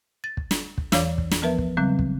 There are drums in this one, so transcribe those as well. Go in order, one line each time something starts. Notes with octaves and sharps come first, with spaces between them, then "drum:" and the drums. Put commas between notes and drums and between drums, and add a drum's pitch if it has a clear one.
A6
drum: kick
drum: snare
drum: kick
E2 E3 C#5 F5 D6, drum: snare
drum: kick
drum: snare
F3 B3 A#4 B4 E5
drum: kick
C#3 F#3 G3 C4
drum: kick